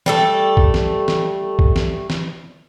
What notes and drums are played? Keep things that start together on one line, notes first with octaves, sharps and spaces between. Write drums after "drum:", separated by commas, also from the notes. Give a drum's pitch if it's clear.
G3 A3 A4, drum: snare
drum: kick
drum: snare
drum: snare
drum: kick
drum: snare
drum: snare